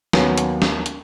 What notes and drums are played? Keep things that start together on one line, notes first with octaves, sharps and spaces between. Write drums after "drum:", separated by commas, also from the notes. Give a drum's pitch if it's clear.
D#2 F#3 B3 C#4, drum: snare
drum: hi-hat
drum: snare
drum: hi-hat